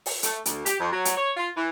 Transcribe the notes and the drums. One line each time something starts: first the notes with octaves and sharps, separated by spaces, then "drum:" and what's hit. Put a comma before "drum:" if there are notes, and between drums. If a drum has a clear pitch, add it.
drum: open hi-hat
A3, drum: hi-hat
D2, drum: hi-hat
G4, drum: hi-hat
F2
F#3
drum: hi-hat
C#5
F4
E3